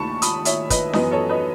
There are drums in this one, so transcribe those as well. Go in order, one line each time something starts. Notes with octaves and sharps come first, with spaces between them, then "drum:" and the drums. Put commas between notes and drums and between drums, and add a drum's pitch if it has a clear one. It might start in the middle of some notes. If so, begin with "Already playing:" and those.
Already playing: D#2 A3 A5 B5 C#6
B5 D#6, drum: hi-hat
C#5 E5, drum: hi-hat
B4 D#5, drum: kick, hi-hat
F#2 E3 B3 B4 D#5, drum: snare C#4
A4 C#5
B4 D#5